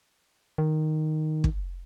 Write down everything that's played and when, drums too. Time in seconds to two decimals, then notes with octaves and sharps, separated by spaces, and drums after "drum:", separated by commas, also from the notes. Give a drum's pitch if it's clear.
0.58 D#3
1.44 drum: kick